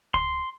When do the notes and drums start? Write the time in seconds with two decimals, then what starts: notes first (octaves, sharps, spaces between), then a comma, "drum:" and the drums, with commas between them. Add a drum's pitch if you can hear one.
0.14 C6, drum: kick C#2